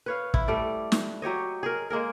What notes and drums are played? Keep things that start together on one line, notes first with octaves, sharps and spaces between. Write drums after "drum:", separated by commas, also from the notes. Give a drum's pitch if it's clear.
B4 C#5 F5
E4, drum: kick
G3 A3 D5
drum: snare
F#3 G4 C#5 D#5
G#4 A#4
G#3 A#3 G#4 A#4